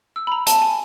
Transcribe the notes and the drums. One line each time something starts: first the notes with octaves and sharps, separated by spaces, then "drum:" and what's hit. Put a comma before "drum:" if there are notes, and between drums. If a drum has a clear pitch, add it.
E6
B5
A#5
A5, drum: hi-hat
G#5